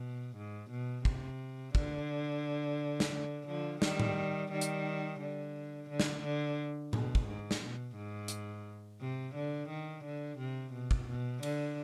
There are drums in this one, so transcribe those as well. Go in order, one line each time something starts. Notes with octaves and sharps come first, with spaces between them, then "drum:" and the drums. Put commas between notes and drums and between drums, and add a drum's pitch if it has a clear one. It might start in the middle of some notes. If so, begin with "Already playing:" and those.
Already playing: B2
G#2
B2
C3, drum: kick
D3, drum: kick
drum: snare
D3
D3 F3
D#3 G3, drum: snare
drum: tom A2
D#3 G3
drum: hi-hat
D3
D3
drum: snare
D3
B2, drum: tom A2
drum: kick
G#2
drum: snare
B2
G#2
drum: hi-hat
C3
D3
D#3
D3
C3
B2
drum: kick
B2
D3, drum: cymbal